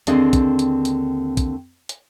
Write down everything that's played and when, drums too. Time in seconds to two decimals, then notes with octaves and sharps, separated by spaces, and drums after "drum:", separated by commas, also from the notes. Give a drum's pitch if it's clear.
0.07 D#2 D3 C4 D4 G#4 D#5, drum: hi-hat
0.33 drum: kick, hi-hat
0.59 drum: hi-hat
0.85 drum: hi-hat
1.37 drum: kick, hi-hat
1.89 drum: hi-hat